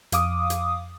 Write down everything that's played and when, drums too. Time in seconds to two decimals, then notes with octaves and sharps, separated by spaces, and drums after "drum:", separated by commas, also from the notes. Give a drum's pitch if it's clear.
0.12 F2 F5 D6 D#6, drum: hi-hat
0.50 drum: hi-hat